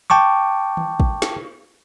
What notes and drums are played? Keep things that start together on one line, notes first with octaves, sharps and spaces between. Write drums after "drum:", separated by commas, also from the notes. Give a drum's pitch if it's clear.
G5 A5 C#6 D6
drum: tom D#3
drum: kick
drum: snare